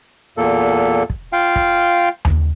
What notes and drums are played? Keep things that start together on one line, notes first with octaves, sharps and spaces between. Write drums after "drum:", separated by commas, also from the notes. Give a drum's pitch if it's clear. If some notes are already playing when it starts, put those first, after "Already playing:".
E2 A#2 A#3 A4
drum: kick
F4 F5 G5
drum: kick
drum: tom D#2